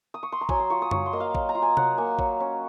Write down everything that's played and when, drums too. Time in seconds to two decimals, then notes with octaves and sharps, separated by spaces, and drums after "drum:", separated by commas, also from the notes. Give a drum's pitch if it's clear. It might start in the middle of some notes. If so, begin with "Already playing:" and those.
0.14 D#6
0.23 C#6
0.32 C6
0.41 A#5
0.49 F#3 G#5, drum: kick
0.59 C6
0.70 F4 C#6
0.82 D#6
0.91 F#3 C#6, drum: tom F#2
1.06 C6
1.13 A#3 D#5
1.20 F5
1.35 F#3, drum: kick
1.49 A#5
1.55 F4
1.62 G#5
1.77 F#3 F#5, drum: tom C3
1.98 A#3 G#5
2.19 F#3, drum: kick
2.40 C#4